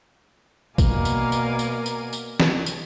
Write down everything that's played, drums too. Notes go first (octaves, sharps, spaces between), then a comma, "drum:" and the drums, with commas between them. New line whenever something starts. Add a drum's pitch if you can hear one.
B2 A#3 A#4 D5 F5 G#5, drum: kick, tambourine
drum: tambourine
drum: tambourine
drum: tambourine
drum: tambourine
drum: tambourine
drum: snare
drum: tambourine